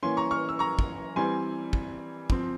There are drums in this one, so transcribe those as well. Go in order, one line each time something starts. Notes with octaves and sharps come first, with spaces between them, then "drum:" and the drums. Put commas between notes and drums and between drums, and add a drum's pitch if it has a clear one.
E3 A#3 C#4 G#5 C6
A#5 C#6
C#6 F6
E6
A#5 C#6
drum: kick
E3 G3 C4 G#5 C6
drum: kick
F3 C4, drum: kick